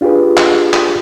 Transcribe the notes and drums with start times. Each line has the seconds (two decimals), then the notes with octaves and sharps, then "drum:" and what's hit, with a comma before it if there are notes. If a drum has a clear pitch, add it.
0.01 D4 F4 G4 G#4 B4
0.37 drum: clap
0.73 drum: clap